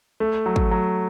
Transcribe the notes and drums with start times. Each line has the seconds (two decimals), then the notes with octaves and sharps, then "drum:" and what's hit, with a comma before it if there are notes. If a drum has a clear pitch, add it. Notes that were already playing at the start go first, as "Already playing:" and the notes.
0.20 A3
0.46 F#3
0.56 drum: kick
0.71 F#3